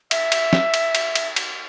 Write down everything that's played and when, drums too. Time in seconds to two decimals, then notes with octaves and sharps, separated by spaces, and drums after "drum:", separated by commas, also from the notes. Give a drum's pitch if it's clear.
0.11 E5, drum: cymbal
0.32 drum: cymbal
0.53 drum: snare
0.74 drum: cymbal
0.95 drum: cymbal
1.15 drum: cymbal
1.36 drum: cymbal